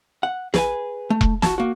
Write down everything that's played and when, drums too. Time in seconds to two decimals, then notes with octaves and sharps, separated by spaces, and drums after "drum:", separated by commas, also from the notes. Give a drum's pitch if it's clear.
0.23 F#5
0.54 G#4 B4 G#5, drum: snare
1.10 A3
1.21 drum: kick E1
1.42 F#4 A5, drum: snare
1.58 A#3 F#4